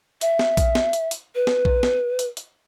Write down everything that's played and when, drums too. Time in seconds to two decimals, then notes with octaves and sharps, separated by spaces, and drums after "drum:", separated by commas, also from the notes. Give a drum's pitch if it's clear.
0.21 E5, drum: hi-hat
0.39 drum: snare
0.57 drum: kick A#1, hi-hat
0.75 drum: snare
0.93 drum: hi-hat
1.11 drum: hi-hat
1.35 B4
1.47 drum: snare
1.65 drum: kick A#1
1.83 drum: snare
2.19 drum: hi-hat
2.37 drum: hi-hat